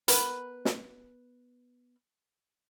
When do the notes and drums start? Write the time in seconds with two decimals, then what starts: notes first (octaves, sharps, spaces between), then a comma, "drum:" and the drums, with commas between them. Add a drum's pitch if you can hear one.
0.08 B3 A#4 B4, drum: hi-hat
0.65 drum: snare